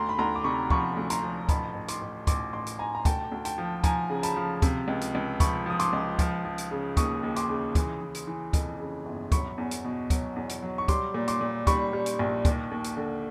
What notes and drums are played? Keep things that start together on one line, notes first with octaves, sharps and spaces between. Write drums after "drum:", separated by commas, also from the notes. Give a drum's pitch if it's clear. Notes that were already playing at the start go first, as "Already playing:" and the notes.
Already playing: D2 A#5 C6
B5
D2 A#5 C6
D6
C3 B5 C#6
F3 B5 C#6, drum: kick
D2
A#5 C6, drum: hi-hat
F3
A1 A5 B5, drum: kick, hi-hat
A1
C6 D6, drum: hi-hat
A1
A1 C6 D6, drum: kick, hi-hat
A1 C6 D6
drum: hi-hat
A1 G#5 A#5
A#5
D2 G5 A5, drum: kick, hi-hat
D2
G5 A5, drum: hi-hat
F3
F3 G#5 A#5, drum: kick, hi-hat
C#3
A5 B5, drum: hi-hat
F3
C3, drum: kick, hi-hat
C#2
drum: hi-hat
C#2
F3 B5 C#6, drum: kick, hi-hat
F3 D#6
C6 D6, drum: hi-hat
C#2
F3, drum: kick, hi-hat
F3
drum: hi-hat
C#3
D#2 C#6 D#6, drum: kick, hi-hat
D#2
C6 D6, drum: hi-hat
C#3
E3, drum: kick, hi-hat
E3
drum: hi-hat
E3
F2, drum: kick, hi-hat
C#3
G1
F#3 B5 C#6, drum: kick, hi-hat
E2
drum: hi-hat
B2
F#3, drum: kick, hi-hat
E2
drum: hi-hat
F#3
C#6
G3 C6 D6, drum: kick, hi-hat
A#2
C6 D6, drum: hi-hat
A#2
G3 B5 C#6, drum: kick, hi-hat
G3
drum: hi-hat
A#1
D#2, drum: kick, hi-hat
D#2
drum: hi-hat
D3